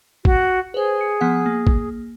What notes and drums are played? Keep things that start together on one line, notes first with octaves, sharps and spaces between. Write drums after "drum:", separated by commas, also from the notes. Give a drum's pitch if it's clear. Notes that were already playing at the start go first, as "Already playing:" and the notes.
F#4, drum: kick
G#4 B4 C5
C#7
F3 B3 F#5
A#3
drum: kick